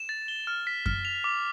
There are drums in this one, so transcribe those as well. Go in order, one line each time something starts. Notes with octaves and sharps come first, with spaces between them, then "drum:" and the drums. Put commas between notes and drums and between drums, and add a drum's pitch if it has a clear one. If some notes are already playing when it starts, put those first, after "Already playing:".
Already playing: E7
A6
G7
F6
B6
F6, drum: kick F#2
F7
D6